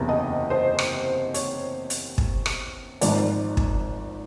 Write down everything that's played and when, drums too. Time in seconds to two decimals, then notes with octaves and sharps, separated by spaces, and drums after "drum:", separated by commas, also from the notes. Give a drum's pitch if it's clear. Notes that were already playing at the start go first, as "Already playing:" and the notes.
Already playing: F#1 E2 C3
0.09 D#5
0.50 C5
0.79 drum: rim click
1.34 C#5, drum: hi-hat
1.90 drum: hi-hat
2.18 drum: kick
2.46 drum: rim click
3.01 G#1 G#2 F3 D5, drum: hi-hat
3.57 drum: kick